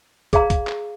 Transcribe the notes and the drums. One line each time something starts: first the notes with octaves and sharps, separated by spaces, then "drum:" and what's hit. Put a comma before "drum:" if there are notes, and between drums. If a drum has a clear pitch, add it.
G#4 D5 F5 A#5, drum: kick, hi-hat
drum: kick, hi-hat
drum: clap